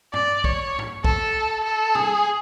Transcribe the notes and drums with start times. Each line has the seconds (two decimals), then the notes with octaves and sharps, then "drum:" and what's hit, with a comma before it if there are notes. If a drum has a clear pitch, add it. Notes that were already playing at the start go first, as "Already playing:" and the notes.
0.14 D5, drum: tom G2
0.44 C#5, drum: kick B1
0.79 drum: tom G2
1.05 A4, drum: kick B1
1.64 A4
1.95 G#4, drum: tom